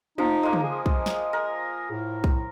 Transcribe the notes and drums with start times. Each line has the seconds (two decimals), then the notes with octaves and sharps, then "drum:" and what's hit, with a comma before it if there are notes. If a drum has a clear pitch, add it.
0.18 F3 D#4, drum: tom
0.43 G#3 A#3
0.53 drum: tom
0.63 G#4
0.86 drum: kick
1.06 drum: snare
1.33 A#4
1.91 A2
2.24 drum: kick